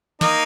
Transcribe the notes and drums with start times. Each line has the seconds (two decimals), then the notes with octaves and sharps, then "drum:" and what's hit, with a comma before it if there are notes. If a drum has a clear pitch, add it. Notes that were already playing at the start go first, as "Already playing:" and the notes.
0.21 A#3 D#4, drum: snare